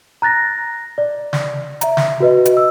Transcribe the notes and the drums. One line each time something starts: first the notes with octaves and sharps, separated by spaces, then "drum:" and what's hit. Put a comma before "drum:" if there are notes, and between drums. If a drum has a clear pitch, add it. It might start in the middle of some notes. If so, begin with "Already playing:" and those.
A#5 F#6 A6 A#6
D5
drum: snare
E5 A#5, drum: hi-hat
drum: snare
F#4 B4 D#5
drum: hi-hat
E6